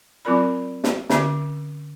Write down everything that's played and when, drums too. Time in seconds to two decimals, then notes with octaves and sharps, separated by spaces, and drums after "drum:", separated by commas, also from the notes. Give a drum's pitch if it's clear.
0.25 F#3 C4 F4 A#4 D5 B5
0.84 drum: snare
1.10 D3 C#4 E5 D6, drum: snare